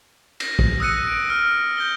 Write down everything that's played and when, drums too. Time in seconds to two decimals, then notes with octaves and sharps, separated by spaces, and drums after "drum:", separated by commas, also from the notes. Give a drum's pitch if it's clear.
0.40 A#6, drum: cymbal
0.59 drum: kick
0.80 D#6 E6 F#6 A#6 C#7 D#7
1.07 D7
1.30 F6
1.77 G6 A#6 G7